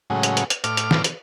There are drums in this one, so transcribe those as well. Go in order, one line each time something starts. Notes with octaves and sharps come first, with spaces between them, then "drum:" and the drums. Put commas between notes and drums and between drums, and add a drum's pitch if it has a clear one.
A2 C#3 F#3 G#3
drum: hi-hat
drum: hi-hat
drum: hi-hat
A2 D6 F6, drum: hi-hat
drum: hi-hat
drum: snare
drum: hi-hat